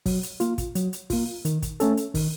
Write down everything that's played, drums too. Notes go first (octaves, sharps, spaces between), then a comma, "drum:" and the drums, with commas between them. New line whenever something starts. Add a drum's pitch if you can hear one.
F#3, drum: kick, open hi-hat
drum: hi-hat
A#3 F4, drum: hi-hat
drum: kick, hi-hat
F#3, drum: hi-hat
drum: hi-hat
A#3 F4, drum: kick, open hi-hat
D#3, drum: hi-hat
drum: kick, hi-hat
A3 C#4 A4, drum: hi-hat
drum: hi-hat
D#3, drum: kick, open hi-hat